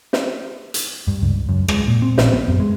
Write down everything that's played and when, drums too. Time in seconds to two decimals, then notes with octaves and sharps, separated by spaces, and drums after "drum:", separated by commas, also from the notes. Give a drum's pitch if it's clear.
0.13 drum: snare
0.74 drum: hi-hat
1.07 G2
1.22 C#2
1.49 F#2
1.68 G#3, drum: rim click
1.87 A#2
2.02 C4
2.18 A#1, drum: snare
2.33 B3
2.48 F#2
2.60 G#3